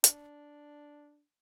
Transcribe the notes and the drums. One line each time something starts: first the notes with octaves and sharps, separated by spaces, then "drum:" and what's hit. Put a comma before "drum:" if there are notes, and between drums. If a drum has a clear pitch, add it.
D4, drum: hi-hat